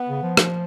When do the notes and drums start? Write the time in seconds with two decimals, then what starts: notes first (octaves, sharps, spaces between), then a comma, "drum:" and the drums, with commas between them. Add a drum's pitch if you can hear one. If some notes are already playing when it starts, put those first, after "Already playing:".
Already playing: B3
0.08 C#3
0.23 F3
0.37 drum: rim click